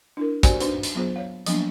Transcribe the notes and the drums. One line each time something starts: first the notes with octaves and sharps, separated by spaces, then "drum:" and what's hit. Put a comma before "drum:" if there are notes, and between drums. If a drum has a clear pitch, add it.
D4 E4 A#4
F#4 G4 C5 D5 G#5, drum: kick, hi-hat
D4 D#4 F#4 B4 C5, drum: hi-hat
drum: hi-hat
F#3 B3 F4 G#4 C5
C#5 F5
F3 F#3 A#3 B3 D4, drum: hi-hat